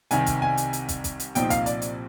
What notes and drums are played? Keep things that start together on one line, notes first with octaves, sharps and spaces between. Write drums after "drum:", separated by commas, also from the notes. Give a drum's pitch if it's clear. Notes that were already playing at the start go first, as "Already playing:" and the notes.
C2 C3 D#3 G#5, drum: hi-hat
drum: kick, hi-hat
G#5
drum: hi-hat
drum: hi-hat
drum: kick, hi-hat
drum: kick, hi-hat
drum: hi-hat
C2 A#2 F3 C4 D#4 G5, drum: hi-hat
F5, drum: kick, hi-hat
D5, drum: hi-hat
drum: hi-hat